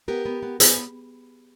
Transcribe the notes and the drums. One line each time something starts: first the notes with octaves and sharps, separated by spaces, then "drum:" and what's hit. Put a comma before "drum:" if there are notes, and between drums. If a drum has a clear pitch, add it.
B3 G4 A#4
B3
B3
B3 G#4 B4, drum: hi-hat